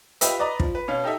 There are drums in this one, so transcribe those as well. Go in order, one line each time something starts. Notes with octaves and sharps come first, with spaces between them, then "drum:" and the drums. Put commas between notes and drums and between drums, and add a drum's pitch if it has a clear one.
F4 G4 B4 D#5 E5, drum: hi-hat
B4 D5 D#5 A#5 D6
F3, drum: kick
B4
B2 C#4 F5
D#4 G4 A4 D#5 E5